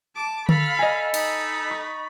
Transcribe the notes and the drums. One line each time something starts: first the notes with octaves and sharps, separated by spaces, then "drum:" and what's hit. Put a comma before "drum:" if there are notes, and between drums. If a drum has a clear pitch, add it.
A5 D6
A4 F5 B5, drum: tom D3
D#5 G#5
D#4 B5, drum: cymbal
C#6 A6